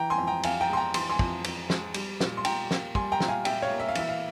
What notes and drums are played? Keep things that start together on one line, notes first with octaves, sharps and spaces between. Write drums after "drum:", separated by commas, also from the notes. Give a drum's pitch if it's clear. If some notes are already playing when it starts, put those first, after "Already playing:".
Already playing: E3 G5 A#5
G#5 C6
F2
G5 A#5
F2 F5 G#5, drum: cymbal
G5 A#5
G#3 C6
G5 A#5
E3 C6, drum: cymbal
G#5 C6
F2, drum: kick
F2, drum: cymbal
G#3, drum: snare
G3, drum: cymbal
A#2, drum: snare
C6
A#2 G5 A#5, drum: cymbal
A#3, drum: snare
G3 G#5 C6, drum: kick
G5 A#5
A#2, drum: snare
F5 G#5
A#2 E5 G5, drum: cymbal
C#5 F5
A#3
E5
F5
E3 E5, drum: cymbal
F5